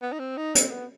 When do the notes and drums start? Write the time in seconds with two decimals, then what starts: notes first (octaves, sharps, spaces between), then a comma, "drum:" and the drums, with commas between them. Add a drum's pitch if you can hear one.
0.02 B3
0.12 D#4
0.19 C4
0.37 D#4
0.55 C4, drum: hi-hat
0.71 B3